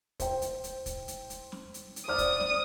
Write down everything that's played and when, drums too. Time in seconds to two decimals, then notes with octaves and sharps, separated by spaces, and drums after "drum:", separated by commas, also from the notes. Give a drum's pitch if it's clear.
0.20 C5 G5, drum: kick, hi-hat
0.42 drum: hi-hat
0.64 drum: hi-hat
0.86 drum: kick, hi-hat
1.08 drum: hi-hat
1.30 drum: hi-hat
1.52 drum: snare
1.74 drum: hi-hat
1.96 drum: hi-hat
2.08 C5 D5 D6 D#6 F6
2.18 drum: kick, hi-hat
2.40 drum: snare